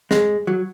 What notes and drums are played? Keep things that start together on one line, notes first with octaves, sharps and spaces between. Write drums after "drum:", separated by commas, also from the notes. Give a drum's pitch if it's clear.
G#3, drum: snare
F#3